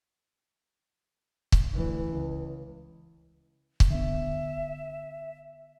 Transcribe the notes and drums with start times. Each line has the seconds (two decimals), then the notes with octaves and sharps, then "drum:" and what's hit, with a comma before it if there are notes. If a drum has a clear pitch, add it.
1.52 drum: kick
1.74 D2 E3
2.09 C#2
3.80 drum: kick
3.90 D3 B3 E5